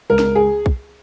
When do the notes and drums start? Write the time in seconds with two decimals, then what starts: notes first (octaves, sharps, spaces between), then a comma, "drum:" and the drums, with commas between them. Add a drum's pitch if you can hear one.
0.10 C#2 A#4
0.19 drum: snare
0.35 G#4
0.66 drum: kick